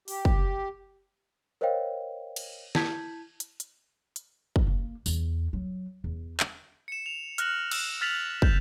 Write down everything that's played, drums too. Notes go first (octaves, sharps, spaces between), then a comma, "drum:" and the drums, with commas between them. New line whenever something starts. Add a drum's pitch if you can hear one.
G4, drum: open hi-hat
drum: kick
A#4 C5 C#5 D#5 F5 G5
drum: cymbal
E4 A5 G6 G#6 B6, drum: snare
drum: hi-hat
drum: hi-hat
drum: hi-hat
drum: kick
A#3
E2, drum: tambourine
F#3
E2
drum: clap
C#7 E7
F7
F6 F#6 A#6 E7 F#7, drum: hi-hat
E6 F#6 E7, drum: cymbal
F6 A6 B6 F7 F#7
G6, drum: kick